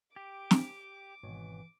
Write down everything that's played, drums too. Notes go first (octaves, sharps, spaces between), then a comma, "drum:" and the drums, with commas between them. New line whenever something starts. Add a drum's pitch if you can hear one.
G4 D6
drum: snare
G#1 B2 E3 C#5